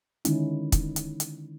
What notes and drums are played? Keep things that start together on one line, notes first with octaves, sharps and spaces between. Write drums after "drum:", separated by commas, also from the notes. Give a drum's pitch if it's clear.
D3 D#3 G#3 C#4 D#4 E4, drum: hi-hat
drum: kick, hi-hat
drum: hi-hat
drum: hi-hat